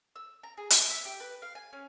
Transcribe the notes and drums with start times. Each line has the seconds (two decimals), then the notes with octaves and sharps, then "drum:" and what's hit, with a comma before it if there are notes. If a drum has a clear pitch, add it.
0.16 E6
0.43 A#5
0.57 G#4
0.70 E4, drum: hi-hat
0.90 E5
1.05 G4
1.20 B4
1.42 F5
1.55 G#5
1.73 C#4